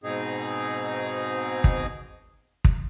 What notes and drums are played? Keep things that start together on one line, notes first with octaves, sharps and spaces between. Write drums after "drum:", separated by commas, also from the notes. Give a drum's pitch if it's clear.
G#2 B2 C4 D#4 G#4
drum: kick
drum: kick